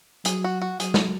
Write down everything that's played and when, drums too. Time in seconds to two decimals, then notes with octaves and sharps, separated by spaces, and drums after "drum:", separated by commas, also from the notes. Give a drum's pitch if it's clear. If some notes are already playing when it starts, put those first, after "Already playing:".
0.25 F#3 G#4, drum: hi-hat
0.44 F#4
0.62 F#4
0.80 F#3 G#4, drum: hi-hat
0.94 drum: snare